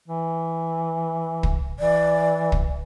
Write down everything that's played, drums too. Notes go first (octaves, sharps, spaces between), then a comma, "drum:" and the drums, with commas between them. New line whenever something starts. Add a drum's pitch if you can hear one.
E3
drum: kick
E3 D5
drum: kick